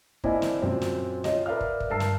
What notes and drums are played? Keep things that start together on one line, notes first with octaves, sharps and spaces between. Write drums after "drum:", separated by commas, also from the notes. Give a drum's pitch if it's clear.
A#3 C4 D4 E4 D#5 G#5, drum: kick
drum: snare
F#2 A#2 C4
drum: snare
C#4 F4 D#5, drum: snare
A#4 B4 D5 E5 F5 F6
drum: kick
drum: kick
G2 A#4 A5 E6 C7
drum: snare